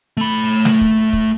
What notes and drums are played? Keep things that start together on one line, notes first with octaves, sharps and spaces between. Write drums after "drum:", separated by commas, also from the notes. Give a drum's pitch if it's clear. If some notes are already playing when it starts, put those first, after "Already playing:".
A3 B5
drum: snare
drum: kick
drum: kick